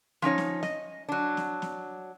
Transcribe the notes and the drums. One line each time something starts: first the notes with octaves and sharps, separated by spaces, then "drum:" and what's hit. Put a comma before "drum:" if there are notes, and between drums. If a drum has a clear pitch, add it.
F3 C#4 D#4 C#5
drum: snare
D#5, drum: snare
F#3 D4
drum: snare
drum: snare